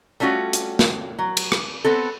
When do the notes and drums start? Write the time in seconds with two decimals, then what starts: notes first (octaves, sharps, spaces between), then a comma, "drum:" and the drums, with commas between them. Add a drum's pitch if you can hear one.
0.20 G3 A3 C#4 F4 F#4
0.53 drum: hi-hat
0.79 drum: snare
1.19 F#3
1.37 drum: cymbal
1.52 drum: rim click
1.84 B3 C4 A4